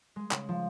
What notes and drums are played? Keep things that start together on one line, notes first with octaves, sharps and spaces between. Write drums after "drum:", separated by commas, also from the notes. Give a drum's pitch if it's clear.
G#3
C#3, drum: clap
F3